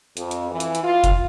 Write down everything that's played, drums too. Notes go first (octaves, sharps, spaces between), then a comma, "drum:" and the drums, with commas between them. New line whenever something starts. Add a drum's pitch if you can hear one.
F2, drum: hi-hat
drum: hi-hat
E3
drum: hi-hat
drum: hi-hat
F4
drum: kick F1, hi-hat